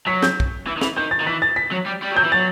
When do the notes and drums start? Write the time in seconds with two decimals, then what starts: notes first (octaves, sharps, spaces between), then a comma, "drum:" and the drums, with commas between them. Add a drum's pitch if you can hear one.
0.06 F#3 B6
0.23 G6, drum: snare
0.40 drum: kick
0.67 E3
0.77 D#3
0.81 E3, drum: snare
0.97 D#3 G6
1.11 A6
1.20 D#3
1.27 E3 B6
1.42 A6
1.56 B6
1.72 F#3
1.86 G3
2.02 G3
2.12 F#3 G6
2.23 E3
2.32 F#3 A6